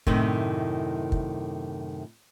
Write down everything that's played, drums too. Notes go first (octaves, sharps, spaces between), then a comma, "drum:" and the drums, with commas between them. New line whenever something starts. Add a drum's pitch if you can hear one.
F#2 A2 C3 D#3, drum: kick
drum: kick